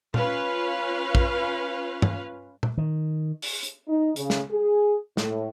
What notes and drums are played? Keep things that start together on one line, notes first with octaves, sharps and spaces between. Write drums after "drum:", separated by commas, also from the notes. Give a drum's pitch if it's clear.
C#4 F4 B4 F5, drum: tom A#2
drum: kick
drum: tom G2
drum: tom A#2
D#3
drum: open hi-hat
drum: hi-hat
D#4
C#3, drum: hi-hat
drum: snare
G#4
A2, drum: snare